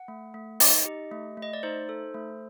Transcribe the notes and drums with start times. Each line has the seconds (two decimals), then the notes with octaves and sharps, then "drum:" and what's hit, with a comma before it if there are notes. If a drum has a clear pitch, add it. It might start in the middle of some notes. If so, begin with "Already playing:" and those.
Already playing: F#5
0.08 A3
0.34 A3
0.60 D#4 D#5, drum: open hi-hat
0.85 G4
1.12 A3
1.37 A3
1.42 D#5
1.53 D5
1.63 D#4 C5
1.89 A4
2.14 A3